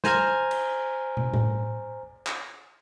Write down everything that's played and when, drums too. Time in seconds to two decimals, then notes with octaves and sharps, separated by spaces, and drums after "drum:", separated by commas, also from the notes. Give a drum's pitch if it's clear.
0.04 C5 G#5 A#5 F6 G#6, drum: snare
0.51 drum: cymbal
1.17 drum: tom
1.34 drum: tom A2
2.27 drum: clap